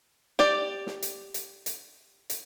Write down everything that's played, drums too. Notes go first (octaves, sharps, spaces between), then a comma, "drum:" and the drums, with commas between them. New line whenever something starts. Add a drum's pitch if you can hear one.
G4 D5, drum: snare
drum: snare
drum: hi-hat
drum: hi-hat
drum: hi-hat
drum: hi-hat